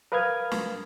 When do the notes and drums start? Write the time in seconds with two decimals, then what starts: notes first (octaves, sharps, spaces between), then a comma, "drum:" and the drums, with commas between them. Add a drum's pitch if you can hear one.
0.12 A#4 B4 F5 D#6 F6 G#6
0.51 drum: snare